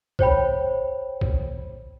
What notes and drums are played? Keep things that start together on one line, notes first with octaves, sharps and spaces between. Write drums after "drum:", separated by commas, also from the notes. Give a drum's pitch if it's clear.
C5 C#5 G5 B5, drum: kick
drum: kick